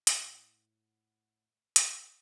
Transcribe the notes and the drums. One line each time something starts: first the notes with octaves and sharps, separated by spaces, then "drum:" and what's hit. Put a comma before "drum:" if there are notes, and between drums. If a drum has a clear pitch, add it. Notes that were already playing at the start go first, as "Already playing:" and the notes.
A2 F#5, drum: hi-hat
drum: hi-hat